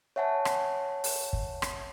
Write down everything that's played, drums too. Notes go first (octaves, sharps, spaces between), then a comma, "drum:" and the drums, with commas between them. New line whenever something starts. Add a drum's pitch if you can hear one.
C#5 E5 F#5 G#5 A5
drum: rim click
drum: open hi-hat
drum: kick
drum: rim click